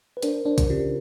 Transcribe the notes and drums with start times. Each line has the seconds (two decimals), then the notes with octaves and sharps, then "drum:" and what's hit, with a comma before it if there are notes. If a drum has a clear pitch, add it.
0.17 B4
0.22 D4 A#4 C5, drum: hi-hat
0.45 D4 A#4 C5
0.58 drum: kick, hi-hat
0.69 C#3 F4 G4